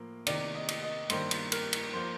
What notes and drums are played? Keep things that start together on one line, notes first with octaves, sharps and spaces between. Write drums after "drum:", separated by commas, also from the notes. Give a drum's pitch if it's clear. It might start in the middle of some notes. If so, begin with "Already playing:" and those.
Already playing: A2 F3 A#3
C3 D#3 A#3 D5, drum: cymbal
D#5
drum: cymbal
D#5
G2 D#3 A#3 C5, drum: cymbal
drum: cymbal
A#4, drum: cymbal
drum: cymbal
F3 A#3 C5